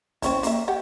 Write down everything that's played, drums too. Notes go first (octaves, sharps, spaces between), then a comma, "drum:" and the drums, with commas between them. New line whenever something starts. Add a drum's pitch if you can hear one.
C4 C#4 E4, drum: kick, hi-hat
A#3 E5, drum: hi-hat
G4 F#5